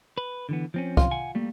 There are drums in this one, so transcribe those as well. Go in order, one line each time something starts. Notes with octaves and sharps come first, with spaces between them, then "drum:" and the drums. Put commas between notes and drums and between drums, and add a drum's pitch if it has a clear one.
B4
D3 E3 B3
F3 C4 C#4
F4, drum: kick
F#5 G#5
G3 A3 A#3